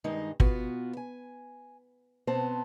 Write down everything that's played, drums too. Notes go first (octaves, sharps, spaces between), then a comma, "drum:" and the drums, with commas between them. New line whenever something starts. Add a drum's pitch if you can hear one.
G2 D#3 G#3 D#4 D#5
B2 B3 F4 F#4, drum: kick
G#5
B2 B3 C4 C5 A5